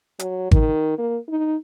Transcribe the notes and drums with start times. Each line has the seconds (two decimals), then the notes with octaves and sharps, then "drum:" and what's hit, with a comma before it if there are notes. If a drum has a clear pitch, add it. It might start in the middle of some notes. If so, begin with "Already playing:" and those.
0.19 F#3, drum: hi-hat
0.51 D#3, drum: kick G#1
0.98 A#3
1.28 D#4